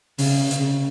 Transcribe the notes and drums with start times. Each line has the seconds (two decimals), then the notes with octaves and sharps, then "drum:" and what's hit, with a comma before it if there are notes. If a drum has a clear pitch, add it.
0.19 C#3, drum: open hi-hat
0.51 C#3, drum: hi-hat